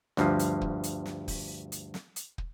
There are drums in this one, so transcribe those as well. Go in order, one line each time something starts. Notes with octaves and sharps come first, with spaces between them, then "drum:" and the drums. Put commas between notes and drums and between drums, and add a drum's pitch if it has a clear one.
D2 G2 F3, drum: snare
drum: hi-hat
drum: kick
drum: hi-hat
drum: snare
drum: kick, open hi-hat
drum: hi-hat
drum: snare
drum: hi-hat
drum: kick